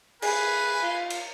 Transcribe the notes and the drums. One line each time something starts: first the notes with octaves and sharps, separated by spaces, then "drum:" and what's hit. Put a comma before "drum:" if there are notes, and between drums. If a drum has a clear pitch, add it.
G#4 B4 G#5, drum: cymbal
F4
drum: cymbal